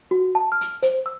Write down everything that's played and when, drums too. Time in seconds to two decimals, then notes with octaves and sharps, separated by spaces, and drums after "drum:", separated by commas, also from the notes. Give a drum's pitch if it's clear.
0.11 F#4
0.35 A5
0.52 F6
0.61 drum: hi-hat
0.83 C5, drum: hi-hat
1.06 E6